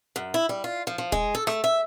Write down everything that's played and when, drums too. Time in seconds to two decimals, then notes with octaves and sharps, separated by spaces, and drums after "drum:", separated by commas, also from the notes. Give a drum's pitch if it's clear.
0.16 F#2
0.34 E4
0.49 G3
0.64 F4
0.87 F3
0.98 F3
1.12 G#3, drum: kick
1.35 A4
1.47 A3, drum: rim click
1.64 E5